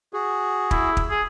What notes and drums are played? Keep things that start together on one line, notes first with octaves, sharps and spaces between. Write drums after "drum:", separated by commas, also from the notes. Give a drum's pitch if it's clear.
F#4 G#4
E4, drum: kick
drum: kick
G#4